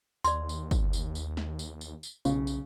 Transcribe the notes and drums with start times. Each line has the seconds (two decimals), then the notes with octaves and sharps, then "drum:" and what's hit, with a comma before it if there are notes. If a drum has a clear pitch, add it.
0.24 D#2 D5 C6, drum: tambourine
0.49 drum: tambourine
0.71 drum: kick, tambourine
0.93 drum: tambourine
1.15 drum: tambourine
1.37 drum: snare
1.59 drum: tambourine
1.81 drum: tambourine
2.03 drum: tambourine
2.25 B1 C#3, drum: tambourine
2.47 drum: tambourine